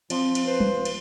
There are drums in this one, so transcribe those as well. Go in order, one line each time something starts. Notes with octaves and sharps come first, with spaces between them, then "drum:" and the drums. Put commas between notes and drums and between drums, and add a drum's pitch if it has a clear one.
F3 C4, drum: cymbal
drum: cymbal
B4 C5
drum: tom
drum: cymbal